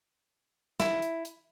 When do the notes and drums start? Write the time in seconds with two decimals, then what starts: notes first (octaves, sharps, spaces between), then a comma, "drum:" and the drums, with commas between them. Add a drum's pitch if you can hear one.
0.80 E4, drum: snare
1.02 drum: hi-hat
1.25 drum: hi-hat